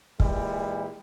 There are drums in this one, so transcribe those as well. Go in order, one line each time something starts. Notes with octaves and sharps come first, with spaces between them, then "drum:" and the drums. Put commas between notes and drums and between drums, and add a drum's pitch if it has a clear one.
A#2 E3 G3 G#3, drum: kick